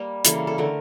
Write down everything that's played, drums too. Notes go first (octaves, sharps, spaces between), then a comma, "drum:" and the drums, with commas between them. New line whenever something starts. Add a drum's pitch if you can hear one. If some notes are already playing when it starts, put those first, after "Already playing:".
Already playing: G3 A#3
C#3 E3 G3 A#3 A4, drum: hi-hat
A4
D3 A3 A#4